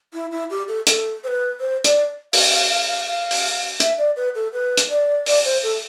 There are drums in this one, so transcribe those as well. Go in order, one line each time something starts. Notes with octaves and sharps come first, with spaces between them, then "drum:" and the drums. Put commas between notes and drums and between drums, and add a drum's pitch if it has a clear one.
E4
E4
G4
A4
A4, drum: hi-hat
C5
B4
C5
D5, drum: hi-hat
F5, drum: open hi-hat
F5
F5
F5
F5
drum: open hi-hat
E5, drum: hi-hat
D5
B4
A4
B4
drum: hi-hat
D5
D5, drum: open hi-hat
C5
A4